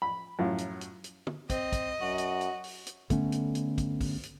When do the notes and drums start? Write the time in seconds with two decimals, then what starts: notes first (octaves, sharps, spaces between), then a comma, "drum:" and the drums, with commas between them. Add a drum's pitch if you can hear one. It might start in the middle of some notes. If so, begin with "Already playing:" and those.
0.02 B5
0.39 F#2 A2 F4
0.58 drum: hi-hat
0.81 drum: hi-hat
1.04 drum: hi-hat
1.27 drum: tom
1.50 C4 D#5, drum: kick, hi-hat
1.72 drum: kick, hi-hat
2.01 F#2 F#4
2.18 drum: hi-hat
2.41 drum: hi-hat
2.64 drum: open hi-hat
2.87 drum: hi-hat
3.10 D3 A3 B3 C#4, drum: kick, hi-hat
3.32 drum: hi-hat
3.55 drum: hi-hat
3.78 drum: kick, hi-hat
4.01 drum: kick, open hi-hat
4.23 drum: hi-hat